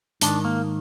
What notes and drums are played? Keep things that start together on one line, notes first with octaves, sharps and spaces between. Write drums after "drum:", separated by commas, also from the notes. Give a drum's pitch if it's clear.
G#2 D#3 D4, drum: hi-hat
A#3